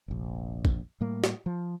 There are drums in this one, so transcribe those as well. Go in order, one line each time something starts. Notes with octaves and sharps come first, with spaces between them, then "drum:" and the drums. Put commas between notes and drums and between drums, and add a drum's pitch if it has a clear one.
F1 A#1
drum: kick
A2 G3 A#3
drum: snare
F3